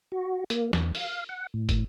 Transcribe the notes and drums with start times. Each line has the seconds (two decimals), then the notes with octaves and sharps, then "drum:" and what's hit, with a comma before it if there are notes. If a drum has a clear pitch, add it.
0.12 F#4
0.50 A#3, drum: hi-hat
0.73 E2, drum: snare
0.95 F5, drum: open hi-hat
1.29 F#5
1.54 A2
1.69 drum: kick, hi-hat